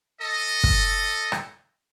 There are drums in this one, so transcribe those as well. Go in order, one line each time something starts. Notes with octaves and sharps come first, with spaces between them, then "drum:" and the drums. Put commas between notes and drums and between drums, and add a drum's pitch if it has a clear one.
A4 D#5
drum: kick
drum: rim click